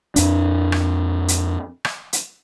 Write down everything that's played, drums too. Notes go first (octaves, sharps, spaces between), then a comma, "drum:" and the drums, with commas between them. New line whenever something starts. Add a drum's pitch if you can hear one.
F2 D4, drum: hi-hat
drum: rim click
drum: hi-hat
drum: rim click
drum: hi-hat